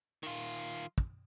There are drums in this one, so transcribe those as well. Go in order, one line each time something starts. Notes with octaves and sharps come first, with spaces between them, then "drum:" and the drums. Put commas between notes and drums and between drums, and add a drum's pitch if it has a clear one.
D#3 F4
drum: kick